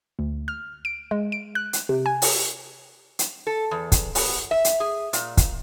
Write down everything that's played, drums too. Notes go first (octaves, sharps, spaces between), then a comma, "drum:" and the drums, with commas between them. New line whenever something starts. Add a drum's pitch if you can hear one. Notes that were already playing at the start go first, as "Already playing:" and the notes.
D2
F6
D7
G#3
D7
F#6
drum: hi-hat
C3
G#5
drum: open hi-hat
drum: hi-hat
A4
E2
drum: kick, hi-hat
B3, drum: open hi-hat
E5
drum: hi-hat
G#4
A#2, drum: hi-hat
drum: kick, hi-hat